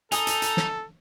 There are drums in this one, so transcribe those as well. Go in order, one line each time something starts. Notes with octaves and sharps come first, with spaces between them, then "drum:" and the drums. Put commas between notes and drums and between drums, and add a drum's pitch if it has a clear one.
D#4 A4 G#5 A#5 D#6, drum: hi-hat
drum: hi-hat
drum: hi-hat
drum: snare